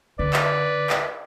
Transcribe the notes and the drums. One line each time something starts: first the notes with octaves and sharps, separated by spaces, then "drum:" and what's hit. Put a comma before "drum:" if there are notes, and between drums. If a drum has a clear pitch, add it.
D3 B4 D5
drum: clap
drum: clap